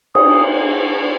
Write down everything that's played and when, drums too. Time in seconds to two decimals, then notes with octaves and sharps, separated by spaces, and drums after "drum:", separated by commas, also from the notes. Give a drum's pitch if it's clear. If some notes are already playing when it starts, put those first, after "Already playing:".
0.15 D#6, drum: cymbal